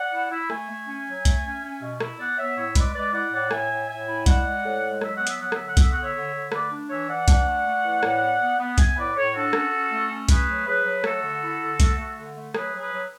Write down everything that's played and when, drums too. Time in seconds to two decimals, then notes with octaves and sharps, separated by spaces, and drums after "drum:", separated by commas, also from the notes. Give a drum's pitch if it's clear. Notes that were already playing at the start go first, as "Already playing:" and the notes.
Already playing: D5 F#5
0.12 E4
0.31 E4
0.50 A3 E5 G#5, drum: rim click
0.68 A3
0.87 C#4
1.06 F#3
1.25 A3, drum: kick B1, hi-hat
1.44 C#4
1.63 C#4
1.82 B2
2.00 E4, drum: rim click
2.19 B3 D5 F#5
2.38 B3 C#5 E5
2.57 A2 C#5 E5
2.75 G#3 B4 D5, drum: kick B1, hi-hat
2.94 G#3 B4 D5
3.13 E4 D5 F#5
3.32 A2 D5 F#5
3.51 A2 E5 G#5, drum: rim click
3.70 A2
3.88 A2 E5 G#5
4.07 E4
4.26 G#3 D5 F#5, drum: kick B1, hi-hat
4.45 G#3
4.64 A2
4.83 G#3
5.01 F#3 E5, drum: rim click
5.14 F#5
5.20 B3
5.27 E5, drum: hi-hat
5.39 F#3 F#5
5.52 E5, drum: rim click
5.58 D3
5.64 F#5
5.77 B3 E5, drum: kick B1, hi-hat
5.90 F#5
5.96 D3
6.02 C#5 E5
6.14 D3
6.33 D3
6.52 A3 B4 D5, drum: rim click
6.71 D4
6.90 E3 C#5 E5
7.08 E3 D5 F#5
7.28 D4, drum: kick B1, hi-hat
7.46 A3
7.65 A3
7.84 E3
8.03 A2, drum: rim click
8.21 B3
8.41 B3
8.59 B3
8.78 B3 E5 G#5, drum: kick B1, hi-hat
8.97 A2 B4 D5
9.15 A2 A4 C#5
9.34 D4 F#4 A4
9.53 C#4, drum: rim click
9.72 C#4
9.91 A3
10.10 C#4
10.29 A3 G#4 B4, drum: kick B1, hi-hat
10.48 F#3
10.66 F#3 G#4 B4
10.85 F#3
11.04 A3 F#4 A4, drum: rim click
11.23 D3
11.42 E4
11.61 D3
11.80 A3, drum: kick B1, hi-hat
11.98 A3
12.17 D3
12.36 A3
12.54 F#3 G#4 B4, drum: rim click
12.74 F#3
12.79 G#4 B4
12.92 F#3